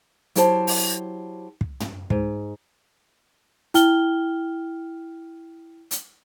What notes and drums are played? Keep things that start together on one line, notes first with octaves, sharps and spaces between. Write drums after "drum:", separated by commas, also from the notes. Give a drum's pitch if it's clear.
F#3 E4 G4 C5 A5, drum: hi-hat
drum: open hi-hat
drum: kick
drum: tom
G#2, drum: kick
E4 G5 F6 G7, drum: hi-hat
drum: hi-hat